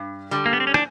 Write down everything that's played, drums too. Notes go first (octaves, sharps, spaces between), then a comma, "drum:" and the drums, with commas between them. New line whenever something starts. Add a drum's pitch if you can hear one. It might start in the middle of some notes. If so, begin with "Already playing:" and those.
Already playing: G2
D3 G3
A#3
B3
C4
C#4
D4, drum: rim click